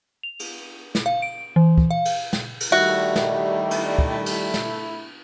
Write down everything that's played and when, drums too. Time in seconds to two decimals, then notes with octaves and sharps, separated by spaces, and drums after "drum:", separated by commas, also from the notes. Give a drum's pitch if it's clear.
0.23 F7
0.40 drum: cymbal
0.95 drum: snare
1.06 F5
1.22 D7
1.56 E3
1.78 drum: kick
1.91 F5
2.05 drum: cymbal
2.33 drum: snare
2.60 drum: cymbal
2.72 D#3 G3 A3 E4 F#4 E5
3.16 drum: snare
3.71 drum: cymbal
3.98 drum: kick
4.26 drum: cymbal
4.54 drum: snare